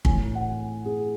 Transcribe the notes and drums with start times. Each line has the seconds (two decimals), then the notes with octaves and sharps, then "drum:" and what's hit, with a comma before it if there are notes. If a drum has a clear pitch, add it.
0.05 A2 E3 G#5, drum: kick
0.35 F#5
0.85 G#4